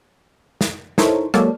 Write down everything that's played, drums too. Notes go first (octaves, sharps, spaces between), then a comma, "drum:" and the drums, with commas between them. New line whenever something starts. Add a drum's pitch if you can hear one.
drum: snare
D#4 E4 A4 A#4 C5 C#5, drum: snare
F#3 G#3 A#3 A4 C#5 D5, drum: rim click